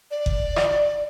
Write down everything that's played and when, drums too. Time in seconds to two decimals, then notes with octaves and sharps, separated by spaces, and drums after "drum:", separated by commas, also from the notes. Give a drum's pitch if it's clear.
0.11 D5
0.26 drum: kick F#1
0.56 drum: rim click